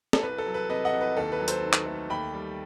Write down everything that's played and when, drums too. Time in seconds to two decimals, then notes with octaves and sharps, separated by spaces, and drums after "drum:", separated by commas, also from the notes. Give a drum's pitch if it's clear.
0.13 A4, drum: snare
0.23 C2 B4
0.38 A4
0.46 F#3
0.54 B4
0.70 C3 B4 D#5
0.85 D#5 F#5
0.93 C2
1.01 B4
1.17 D#2 A4
1.32 B4
1.40 F#3
1.48 A4 C5, drum: hi-hat
1.63 D#3
1.73 drum: clap
1.86 A3
2.10 D#2 G5 B5
2.34 G3